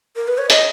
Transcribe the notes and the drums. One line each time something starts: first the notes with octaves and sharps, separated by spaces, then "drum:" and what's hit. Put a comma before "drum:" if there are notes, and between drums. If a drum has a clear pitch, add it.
A#4
B4
C#5
D#5, drum: hi-hat